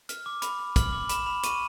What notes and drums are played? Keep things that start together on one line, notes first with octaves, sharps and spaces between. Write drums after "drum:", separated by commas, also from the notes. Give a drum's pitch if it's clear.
F6, drum: hi-hat
D6
B5, drum: hi-hat
B5
F6 F#7, drum: kick, hi-hat
D6
B5 E7, drum: hi-hat
B5
C#6 D#7, drum: hi-hat